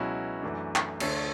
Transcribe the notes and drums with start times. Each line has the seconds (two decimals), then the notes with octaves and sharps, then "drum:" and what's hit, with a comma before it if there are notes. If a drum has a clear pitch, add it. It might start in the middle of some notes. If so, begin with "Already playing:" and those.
Already playing: C#2 B2 F#3 C#4 E4 F#4
0.42 F#2 E3 A3 D4
0.76 drum: clap
1.00 D2 D3 A3 A4 C#5, drum: cymbal